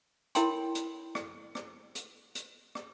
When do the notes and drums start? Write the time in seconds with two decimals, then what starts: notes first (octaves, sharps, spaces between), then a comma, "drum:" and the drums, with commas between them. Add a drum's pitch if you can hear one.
0.35 E4 A#4 C#5 G5 B5 C6, drum: hi-hat
0.75 drum: hi-hat
1.15 drum: rim click
1.55 drum: rim click
1.95 drum: hi-hat
2.35 drum: hi-hat
2.75 drum: rim click